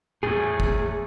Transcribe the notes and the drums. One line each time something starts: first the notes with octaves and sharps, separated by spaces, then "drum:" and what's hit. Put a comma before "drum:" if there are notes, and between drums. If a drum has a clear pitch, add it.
E2 A2 G#4
drum: kick G1